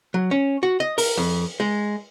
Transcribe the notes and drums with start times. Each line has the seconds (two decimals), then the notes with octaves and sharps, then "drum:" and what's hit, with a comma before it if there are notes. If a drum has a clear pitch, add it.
0.14 F#3
0.31 C#4
0.63 F#4
0.80 D#5
0.98 A#4, drum: open hi-hat
1.17 F2
1.60 G#3